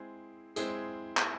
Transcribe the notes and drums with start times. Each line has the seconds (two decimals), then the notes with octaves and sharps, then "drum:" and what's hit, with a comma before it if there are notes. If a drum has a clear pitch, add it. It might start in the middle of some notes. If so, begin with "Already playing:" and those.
Already playing: G#3 C4 E4 G#4
0.56 G#3 C4 E4 G#4, drum: hi-hat
1.17 drum: clap